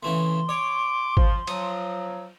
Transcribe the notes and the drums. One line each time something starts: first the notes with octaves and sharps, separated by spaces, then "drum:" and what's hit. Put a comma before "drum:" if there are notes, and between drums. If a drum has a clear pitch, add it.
C#3 E3 A3 C6
C#5 D6
F3, drum: kick G#1
F3 F#3 D#6, drum: cymbal